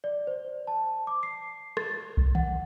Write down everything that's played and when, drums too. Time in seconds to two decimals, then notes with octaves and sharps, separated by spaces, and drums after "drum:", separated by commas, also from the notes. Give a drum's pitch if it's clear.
0.04 D5
0.27 C5
0.67 A5
1.07 D6
1.23 C7
1.77 A6, drum: rim click
2.17 drum: kick B1
2.35 F#5, drum: tom D3